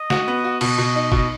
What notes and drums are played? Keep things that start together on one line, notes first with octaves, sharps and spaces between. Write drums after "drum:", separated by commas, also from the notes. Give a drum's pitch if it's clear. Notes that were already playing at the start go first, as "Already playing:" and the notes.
Already playing: D#5
F#4, drum: snare
B3
F#4
B2 D#5, drum: cymbal
B2
D#4
B2, drum: kick G1